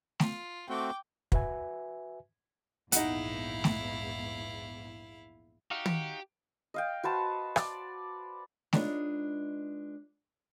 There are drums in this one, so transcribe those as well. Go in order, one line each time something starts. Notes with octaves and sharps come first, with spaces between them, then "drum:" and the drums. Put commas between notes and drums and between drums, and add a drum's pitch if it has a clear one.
F4, drum: snare A3
A3 C4 F#4 G5 D6
F#4 B4 E5 G#5, drum: kick
A#1 E2 G#2 D#4 E4 F5 F#5, drum: hi-hat
drum: snare A3
D#4 F#4 G4 F5
drum: tom
D#5 F5 G5
F#4 B4 C5 A5
D5, drum: rim click
G#3 D4 D#4 F4 B4 C#5, drum: snare A3